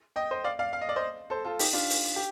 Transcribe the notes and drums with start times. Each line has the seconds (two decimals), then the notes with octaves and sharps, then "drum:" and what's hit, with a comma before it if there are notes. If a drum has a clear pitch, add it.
0.16 D#5 G5
0.31 C5 D#5
0.44 D5 F5
0.59 D5 F5
0.73 F5
0.81 D#5
0.89 D5
0.96 C5 D#5
1.30 A4 C5
1.45 F4 A4
1.59 D#4 G4, drum: open hi-hat
1.73 D4 F4
1.90 drum: open hi-hat
2.16 G4